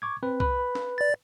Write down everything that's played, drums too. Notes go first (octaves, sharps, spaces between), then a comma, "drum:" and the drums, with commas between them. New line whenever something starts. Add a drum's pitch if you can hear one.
C#6 D6 G#6
C4 B4
B4 B5, drum: kick
drum: snare
D5 A6